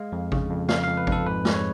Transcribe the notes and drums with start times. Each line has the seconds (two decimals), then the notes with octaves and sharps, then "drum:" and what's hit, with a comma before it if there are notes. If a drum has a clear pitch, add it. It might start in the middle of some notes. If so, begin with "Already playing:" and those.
Already playing: G#3 F5
0.12 F2
0.32 C#3, drum: kick G#1
0.50 F2
0.69 F2 F5, drum: snare
0.84 F2 F5
0.97 B4
1.07 F2, drum: kick G#1
1.12 A4
1.26 G#2 B4
1.45 G#3, drum: snare
1.54 C#5